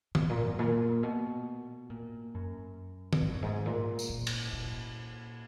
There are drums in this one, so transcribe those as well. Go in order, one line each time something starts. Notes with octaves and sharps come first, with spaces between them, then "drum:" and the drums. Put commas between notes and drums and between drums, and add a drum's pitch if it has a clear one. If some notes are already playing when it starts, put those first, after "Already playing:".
G#2, drum: tom
A#2
F#2
A#2
B2
A#2
F#2
drum: tom
G#2
F#2
G#2
A#2
drum: tambourine
A#2
drum: cymbal
A#2